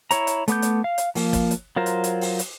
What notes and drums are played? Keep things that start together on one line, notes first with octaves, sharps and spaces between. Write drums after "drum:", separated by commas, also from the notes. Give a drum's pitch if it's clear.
E4 C#5 A#5, drum: hi-hat
drum: hi-hat
A3 B3 D6 G6, drum: hi-hat
drum: hi-hat
F5
drum: hi-hat
F3 A#3, drum: open hi-hat
drum: kick, hi-hat
drum: hi-hat
F#3 F4 A#4 C5
drum: hi-hat
drum: hi-hat
drum: open hi-hat
drum: hi-hat